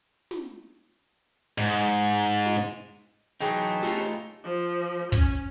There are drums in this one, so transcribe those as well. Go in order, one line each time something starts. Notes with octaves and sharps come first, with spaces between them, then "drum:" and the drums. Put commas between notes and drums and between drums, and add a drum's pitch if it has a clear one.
drum: snare
G#2
drum: snare
E3 F#3 D#4 G#4 B4 C#5 G5 A5
A3 D#4 F4 G4, drum: snare
F3
C#4, drum: kick